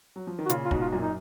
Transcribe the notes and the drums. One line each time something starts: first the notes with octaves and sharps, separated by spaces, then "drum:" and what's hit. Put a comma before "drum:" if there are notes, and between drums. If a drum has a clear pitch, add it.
F#3
F3
D#3
F#4
A#2 C#3 F4, drum: hi-hat
F4
G#2 B2, drum: kick
F4
F#2 A#2
D#4